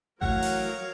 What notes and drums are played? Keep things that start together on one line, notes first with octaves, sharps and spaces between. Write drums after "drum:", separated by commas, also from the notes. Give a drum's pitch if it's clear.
E3 F#3 A3 A#4 C#5 F5 F#5, drum: kick G#1
drum: open hi-hat